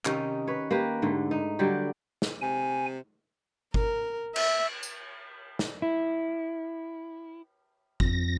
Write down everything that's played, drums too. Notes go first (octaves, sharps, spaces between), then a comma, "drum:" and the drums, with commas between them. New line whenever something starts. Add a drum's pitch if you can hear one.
C3 D#3 C#4 D#4, drum: clap
B4 C#5
A#3 G4 B4
G#2 D3 A3
D#4
D3 F#3 G3 G4
drum: snare
C3 G#5
A#4, drum: kick G1
E5, drum: cymbal
drum: tambourine
drum: snare
E4
F2 A#6, drum: kick G1